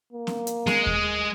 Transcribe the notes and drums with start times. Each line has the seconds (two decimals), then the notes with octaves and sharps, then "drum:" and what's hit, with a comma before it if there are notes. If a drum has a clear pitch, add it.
0.13 A#3
0.27 drum: snare
0.47 drum: hi-hat
0.67 G#3, drum: snare
0.87 drum: kick D#2